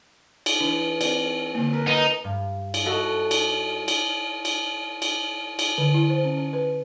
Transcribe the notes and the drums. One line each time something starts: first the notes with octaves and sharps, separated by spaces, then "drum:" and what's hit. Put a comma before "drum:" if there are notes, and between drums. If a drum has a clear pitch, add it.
drum: cymbal
E3 D4
C4 D5, drum: cymbal
D3 A#3
A#4 B4 G#5
D#4
G2
drum: cymbal
F#4 A4 D#5 E5 A5
drum: cymbal
drum: cymbal
drum: cymbal
drum: cymbal
drum: cymbal
D3
E4
C5
C#4
B4